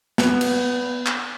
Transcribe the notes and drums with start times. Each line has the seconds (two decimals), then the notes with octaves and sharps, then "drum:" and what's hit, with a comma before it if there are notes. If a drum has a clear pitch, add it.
0.18 B3, drum: snare
0.41 drum: cymbal
1.06 drum: clap